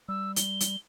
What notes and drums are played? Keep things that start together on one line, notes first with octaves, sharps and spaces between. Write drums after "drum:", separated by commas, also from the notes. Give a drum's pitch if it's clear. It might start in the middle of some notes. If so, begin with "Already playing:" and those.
G3 E6
G7, drum: hi-hat
drum: hi-hat